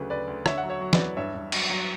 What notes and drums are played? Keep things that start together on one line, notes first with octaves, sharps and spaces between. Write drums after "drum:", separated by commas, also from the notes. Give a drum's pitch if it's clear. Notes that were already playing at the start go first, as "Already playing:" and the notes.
Already playing: D2 C#3 F#3 B4
D2 B4 D5
D2
D3 C#5 E5, drum: rim click
F#5
F#3
C#5 E5
F#3
B4 D5, drum: snare
E2
G2 C#5 E5
G2
F#3, drum: cymbal
F#3